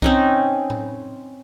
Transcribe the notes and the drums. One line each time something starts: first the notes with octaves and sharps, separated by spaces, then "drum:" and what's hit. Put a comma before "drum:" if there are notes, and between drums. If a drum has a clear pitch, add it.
C4 C#4 D#4, drum: kick C2
drum: tom A2